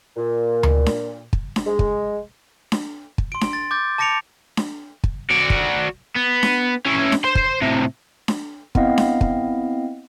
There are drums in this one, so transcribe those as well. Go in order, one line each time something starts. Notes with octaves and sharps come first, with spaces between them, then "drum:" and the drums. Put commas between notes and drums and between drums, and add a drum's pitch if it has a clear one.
A#2
drum: tom D2
drum: snare D4
drum: kick
drum: snare D4
G#3
drum: kick
drum: snare D4
drum: kick
C6 D7
drum: snare D4
A6
D6 G6 A6
A5 D6 A#6 C#7 D7 F7
drum: snare D4
drum: kick
F#4 D5
drum: kick
B3
drum: snare D4
C#4 E4
drum: snare D4
C5 C6
drum: kick
A2 C3
drum: snare D4
B3 C4 E4 D#5 F5, drum: kick
drum: snare D4
drum: kick